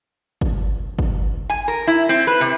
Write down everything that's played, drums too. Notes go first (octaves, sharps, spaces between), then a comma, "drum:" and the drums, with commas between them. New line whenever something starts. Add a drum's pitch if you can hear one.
drum: kick
drum: kick
G#5
A#4
E4
C4
B4
C3